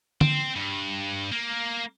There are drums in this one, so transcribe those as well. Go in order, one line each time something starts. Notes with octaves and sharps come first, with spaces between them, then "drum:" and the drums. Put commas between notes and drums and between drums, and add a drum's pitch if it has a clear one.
C4, drum: tom D3
G2
A#3